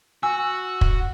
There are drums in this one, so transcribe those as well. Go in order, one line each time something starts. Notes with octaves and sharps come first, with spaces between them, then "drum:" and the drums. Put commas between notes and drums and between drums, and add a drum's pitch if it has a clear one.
F#4 G#5 E6
drum: kick